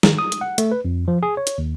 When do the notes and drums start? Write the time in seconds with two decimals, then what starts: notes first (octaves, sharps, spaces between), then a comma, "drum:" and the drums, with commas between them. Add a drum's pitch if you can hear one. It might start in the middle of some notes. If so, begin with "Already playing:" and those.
0.03 D#3, drum: snare
0.18 D#6
0.32 drum: hi-hat
0.41 F#5
0.58 A3, drum: hi-hat
0.72 B4
0.85 F2
1.08 F3
1.23 G#4
1.37 C#5
1.47 drum: hi-hat
1.58 D#2